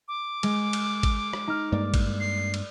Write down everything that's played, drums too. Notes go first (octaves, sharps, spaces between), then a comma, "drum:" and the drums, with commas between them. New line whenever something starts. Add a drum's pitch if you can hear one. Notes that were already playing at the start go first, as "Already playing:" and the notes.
D6
G#3, drum: cymbal
drum: cymbal
drum: kick G#1, cymbal
drum: rim click
D#4 F6
G2 G#3 A#3 D5
drum: kick G#1, cymbal
C7
drum: cymbal